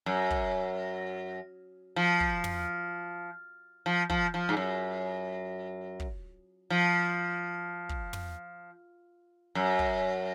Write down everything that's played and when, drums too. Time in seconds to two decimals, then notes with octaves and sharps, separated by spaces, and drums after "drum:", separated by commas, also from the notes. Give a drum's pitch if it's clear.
0.06 F#2
0.30 drum: kick
1.96 F3
2.20 drum: kick
2.44 drum: tom
3.86 F3
4.10 F3, drum: kick
4.34 F3
4.49 G#2
4.57 F#2
6.00 drum: kick
6.70 F3
7.89 drum: kick
8.13 drum: tom
9.55 F#2
9.79 drum: kick